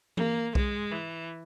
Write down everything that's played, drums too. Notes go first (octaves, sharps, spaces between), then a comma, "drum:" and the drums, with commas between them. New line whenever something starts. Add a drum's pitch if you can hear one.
A#3, drum: tom E3
G#3, drum: kick B1
E3